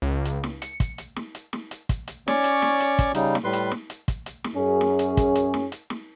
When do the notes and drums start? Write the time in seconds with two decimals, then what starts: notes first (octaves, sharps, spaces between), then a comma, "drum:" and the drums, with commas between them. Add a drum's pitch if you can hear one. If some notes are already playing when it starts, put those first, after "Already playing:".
0.02 C#2
0.25 drum: hi-hat
0.44 drum: snare
0.62 C#7, drum: hi-hat
0.80 drum: kick, hi-hat
0.98 drum: hi-hat
1.16 drum: snare
1.35 drum: hi-hat
1.53 drum: snare
1.71 drum: hi-hat
1.89 drum: kick, hi-hat
2.08 drum: hi-hat
2.28 C#4 C#5 D5 C#6 D6, drum: snare
2.44 drum: hi-hat
2.62 drum: snare
2.80 drum: hi-hat
2.99 drum: kick, hi-hat
3.15 C#3 G3 D#4, drum: hi-hat
3.35 drum: snare
3.44 A2 G3 B4 C6
3.53 drum: hi-hat
3.71 drum: snare
3.90 drum: hi-hat
4.08 drum: kick, hi-hat
4.26 drum: hi-hat
4.44 drum: snare
4.56 F#2 C#4 G#4
4.81 drum: snare
4.99 drum: hi-hat
5.17 drum: kick, hi-hat
5.35 drum: hi-hat
5.54 drum: snare
5.72 drum: hi-hat
5.90 drum: snare